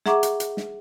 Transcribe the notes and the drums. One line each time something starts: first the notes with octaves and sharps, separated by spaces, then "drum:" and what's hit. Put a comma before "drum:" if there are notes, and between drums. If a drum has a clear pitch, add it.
G#4 E5 F#5 A#5 C#6 D6, drum: snare
drum: hi-hat
drum: hi-hat
drum: snare